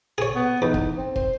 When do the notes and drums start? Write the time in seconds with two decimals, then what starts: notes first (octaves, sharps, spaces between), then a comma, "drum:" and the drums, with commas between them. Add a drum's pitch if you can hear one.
0.18 G#4 C#5
0.35 B3
0.62 E2 D#4
0.74 drum: kick
0.97 C4
1.16 C5, drum: kick